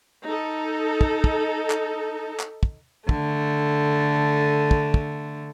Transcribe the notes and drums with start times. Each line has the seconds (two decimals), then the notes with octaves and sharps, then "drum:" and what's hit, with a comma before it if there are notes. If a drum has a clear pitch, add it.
0.27 D#4 A4
1.01 drum: kick
1.24 drum: kick
1.70 drum: clap
2.40 drum: clap
2.63 drum: kick
3.09 D3 A3, drum: kick
4.71 drum: kick
4.94 drum: kick